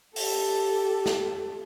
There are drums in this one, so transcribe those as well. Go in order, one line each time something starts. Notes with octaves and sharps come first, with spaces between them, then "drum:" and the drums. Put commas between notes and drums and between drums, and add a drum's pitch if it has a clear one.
G4 A4, drum: open hi-hat
drum: snare